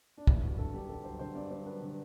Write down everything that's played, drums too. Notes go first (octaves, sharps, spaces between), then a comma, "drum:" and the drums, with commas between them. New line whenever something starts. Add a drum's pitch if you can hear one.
D4
G2 E4, drum: kick
F#3 F#4
D3 A4
G2 G4
G2 A4
F#3 C5
D3 C5
G2 D5
G2 C5
F#3 B4
D3